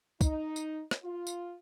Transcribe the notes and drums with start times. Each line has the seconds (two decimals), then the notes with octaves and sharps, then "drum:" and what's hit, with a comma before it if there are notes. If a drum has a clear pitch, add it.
0.21 D#4, drum: kick, tambourine
0.56 drum: tambourine
0.91 drum: rim click
1.03 F4
1.27 drum: tambourine